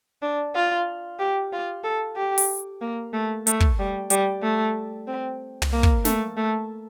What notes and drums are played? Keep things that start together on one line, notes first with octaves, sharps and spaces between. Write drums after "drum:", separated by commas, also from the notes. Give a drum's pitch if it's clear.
D4
F4
G4
F4
A4
G4
drum: open hi-hat
A#3
A3
A3, drum: hi-hat
drum: kick
G3
G3, drum: hi-hat
A3
C4
drum: tom
A#3
drum: kick
A3, drum: snare
A3